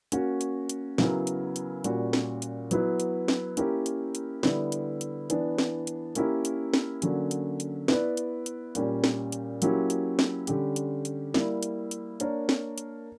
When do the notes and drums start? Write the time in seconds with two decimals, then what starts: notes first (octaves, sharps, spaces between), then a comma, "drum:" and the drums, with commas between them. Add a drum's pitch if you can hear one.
0.12 A#3 C#4 F#4, drum: hi-hat
0.41 drum: hi-hat
0.69 drum: hi-hat
0.98 C#3 F#3 B3 E4 A#4, drum: snare
1.27 drum: hi-hat
1.56 drum: hi-hat
1.84 A#2 G3 C#4 F#4, drum: hi-hat
2.13 drum: snare
2.42 drum: hi-hat
2.71 F#3 B3 E4 B4, drum: hi-hat
3.00 drum: hi-hat
3.28 drum: snare
3.57 A#3 C#4 E4 G4 A#4, drum: hi-hat
3.86 drum: hi-hat
4.15 drum: hi-hat
4.43 D3 G3 B3 E4, drum: snare
4.72 drum: hi-hat
5.01 drum: hi-hat
5.30 E3 B3 D4, drum: hi-hat
5.58 drum: snare
5.87 drum: hi-hat
6.15 A#3 C#4 E4 G4 A#4, drum: hi-hat
6.45 drum: hi-hat
6.74 drum: snare
7.02 D3 F#3 A#3 C#4, drum: hi-hat
7.31 drum: hi-hat
7.60 drum: hi-hat
7.88 B3 E4 B4 D5, drum: snare
8.17 drum: hi-hat
8.46 drum: hi-hat
8.75 A#2 G3 C#4 G4, drum: hi-hat
9.04 drum: snare
9.32 drum: hi-hat
9.62 F#3 A#3 C#4 E4 G4, drum: hi-hat
9.90 drum: hi-hat
10.19 drum: snare
10.47 D3 G3 C#4 G4, drum: hi-hat
10.76 drum: hi-hat
11.05 drum: hi-hat
11.34 G3 A#3 E4, drum: snare
11.63 drum: hi-hat
11.91 drum: hi-hat
12.20 A#3 D4 A#4 C#5, drum: hi-hat
12.49 drum: snare
12.78 drum: hi-hat